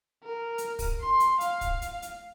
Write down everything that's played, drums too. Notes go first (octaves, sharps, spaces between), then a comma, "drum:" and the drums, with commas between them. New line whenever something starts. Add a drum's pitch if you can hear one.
A#4
drum: hi-hat
drum: kick, open hi-hat
C6
drum: hi-hat
F5, drum: hi-hat
drum: kick, hi-hat
drum: hi-hat
drum: hi-hat